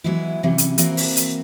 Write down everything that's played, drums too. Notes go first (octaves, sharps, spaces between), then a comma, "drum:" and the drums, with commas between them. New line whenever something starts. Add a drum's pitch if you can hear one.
E3 F#3 G#3 B3 E4
C3 E3 F#3 G3 C#4
drum: hi-hat
E3 A#3 C4 F#4 A#4, drum: hi-hat
drum: open hi-hat
drum: hi-hat